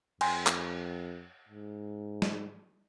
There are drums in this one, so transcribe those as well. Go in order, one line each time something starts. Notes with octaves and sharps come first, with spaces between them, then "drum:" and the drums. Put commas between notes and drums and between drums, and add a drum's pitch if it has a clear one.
F2 G5 G#5 C6, drum: cymbal
drum: clap
G#2
drum: snare